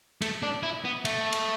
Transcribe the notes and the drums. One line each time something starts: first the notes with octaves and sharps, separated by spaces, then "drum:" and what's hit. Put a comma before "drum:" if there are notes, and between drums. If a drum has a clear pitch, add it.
A3, drum: cymbal
D4
E4
B3
A3, drum: cymbal
drum: cymbal